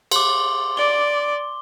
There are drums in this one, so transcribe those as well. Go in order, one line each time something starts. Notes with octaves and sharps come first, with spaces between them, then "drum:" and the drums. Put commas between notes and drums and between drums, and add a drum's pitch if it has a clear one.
C6 D6, drum: cymbal
D5 G7